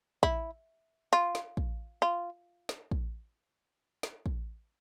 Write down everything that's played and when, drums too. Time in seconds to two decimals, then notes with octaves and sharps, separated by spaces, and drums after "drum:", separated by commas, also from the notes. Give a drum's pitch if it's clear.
0.23 E4, drum: kick
1.13 F4
1.35 drum: snare
1.57 drum: kick
2.02 F4
2.69 drum: snare
2.91 drum: kick
4.03 drum: snare
4.26 drum: kick